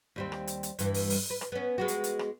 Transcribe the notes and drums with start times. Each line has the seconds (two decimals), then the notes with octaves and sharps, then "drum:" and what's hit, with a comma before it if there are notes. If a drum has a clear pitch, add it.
0.16 D#2 G3 C4
0.32 drum: rim click
0.47 drum: hi-hat
0.63 drum: hi-hat
0.79 G2 E3, drum: hi-hat
0.94 drum: open hi-hat
1.10 drum: open hi-hat
1.30 B4
1.41 drum: rim click
1.52 B3 C#4
1.78 G#3 B3 F#4
1.88 drum: hi-hat
2.04 drum: hi-hat
2.19 drum: rim click